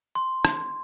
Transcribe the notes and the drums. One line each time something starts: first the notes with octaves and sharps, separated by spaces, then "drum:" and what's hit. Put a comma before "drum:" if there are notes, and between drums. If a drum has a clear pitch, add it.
C6
drum: rim click